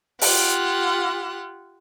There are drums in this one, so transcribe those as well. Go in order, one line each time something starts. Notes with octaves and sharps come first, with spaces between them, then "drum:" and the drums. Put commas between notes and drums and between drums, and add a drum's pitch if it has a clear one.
F4 G4 F#5, drum: open hi-hat